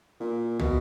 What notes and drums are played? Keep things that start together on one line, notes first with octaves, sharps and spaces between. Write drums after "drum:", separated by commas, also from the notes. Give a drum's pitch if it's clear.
A#2
B2, drum: tom